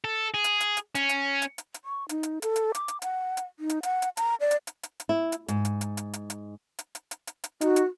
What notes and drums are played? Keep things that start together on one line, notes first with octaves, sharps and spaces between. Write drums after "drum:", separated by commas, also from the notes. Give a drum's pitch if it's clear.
A4
G#4
drum: hi-hat
drum: hi-hat
drum: hi-hat
C#4, drum: hi-hat
drum: hi-hat
drum: hi-hat
drum: hi-hat
drum: hi-hat
C#6
D#4, drum: hi-hat
drum: hi-hat
A4, drum: hi-hat
drum: hi-hat
D6, drum: hi-hat
drum: hi-hat
F#5, drum: hi-hat
drum: hi-hat
D#4
drum: hi-hat
F#5, drum: hi-hat
drum: hi-hat
A#5, drum: hi-hat
D5
drum: hi-hat
drum: hi-hat
drum: hi-hat
drum: hi-hat
E4
drum: hi-hat
G#2, drum: hi-hat
drum: hi-hat
drum: hi-hat
drum: hi-hat
drum: hi-hat
drum: hi-hat
drum: hi-hat
drum: hi-hat
drum: hi-hat
drum: hi-hat
drum: hi-hat
D#4 F#4, drum: hi-hat
drum: hi-hat